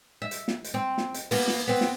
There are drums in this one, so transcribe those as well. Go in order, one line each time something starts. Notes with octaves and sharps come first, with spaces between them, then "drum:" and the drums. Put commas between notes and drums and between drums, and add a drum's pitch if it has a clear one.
E5
drum: hi-hat
drum: snare
drum: hi-hat
C4
drum: snare
drum: hi-hat
A#3 B3, drum: open hi-hat
drum: snare
B3 C4
drum: snare